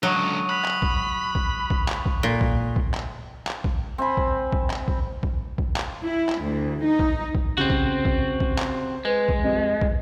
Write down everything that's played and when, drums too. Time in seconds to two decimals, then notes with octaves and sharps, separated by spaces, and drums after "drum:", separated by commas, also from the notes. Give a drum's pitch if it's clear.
0.03 C#2 D3 F#3 C#6 D#6 D#7
0.49 B5 F#6 B6 F7
0.65 drum: clap
0.82 drum: kick
1.35 drum: kick
1.70 drum: kick
1.88 drum: clap
2.06 drum: kick
2.23 A#2
2.41 drum: kick
2.76 drum: kick
2.94 drum: clap
3.47 drum: clap
3.64 drum: kick
3.98 C4 G#5 B5
4.17 drum: kick
4.52 drum: kick
4.70 drum: clap
4.88 drum: kick
5.23 drum: kick
5.58 drum: kick
5.76 drum: clap
6.04 E4
6.29 drum: clap
6.42 D2
6.85 D#4
6.99 drum: kick
7.35 drum: kick
7.58 C#3 G3 C4 F#4 G6
7.70 drum: kick
8.05 drum: kick
8.40 drum: kick
8.58 drum: clap
9.05 G#3 B4
9.29 drum: kick
9.44 F2 G3 D#5
9.81 drum: kick